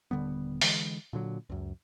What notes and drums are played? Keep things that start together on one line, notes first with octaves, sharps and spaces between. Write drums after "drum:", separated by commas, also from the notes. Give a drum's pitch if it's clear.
D#1 D3 G3 B3
D3 E3 G#3, drum: open hi-hat
A#2 D3 F#3
C#2 F#2